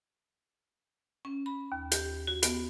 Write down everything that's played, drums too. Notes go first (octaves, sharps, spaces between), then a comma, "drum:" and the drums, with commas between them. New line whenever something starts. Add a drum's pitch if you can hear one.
C#4
B5
D#2
G4, drum: hi-hat
F#4
B3, drum: hi-hat